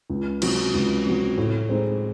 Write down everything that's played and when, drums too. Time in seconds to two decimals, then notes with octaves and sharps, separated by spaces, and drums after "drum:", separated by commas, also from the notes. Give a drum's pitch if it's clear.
0.10 C#2
0.42 C3 F#3, drum: cymbal
0.74 C#2
1.06 C3 F#3
1.38 A2
1.69 G#3 C4 D#4